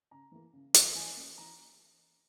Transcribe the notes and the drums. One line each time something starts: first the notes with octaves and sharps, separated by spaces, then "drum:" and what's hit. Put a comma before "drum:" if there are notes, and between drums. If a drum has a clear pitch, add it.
C#3 A#5
E3 A#3
C#3
E3 A#3, drum: hi-hat
E3 G#5
A#3 C#4
E3 A#5